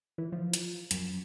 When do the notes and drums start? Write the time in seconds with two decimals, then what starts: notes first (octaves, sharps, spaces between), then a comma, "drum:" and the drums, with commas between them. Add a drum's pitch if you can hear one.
0.18 E3
0.32 F3
0.54 drum: hi-hat
0.91 F#2, drum: hi-hat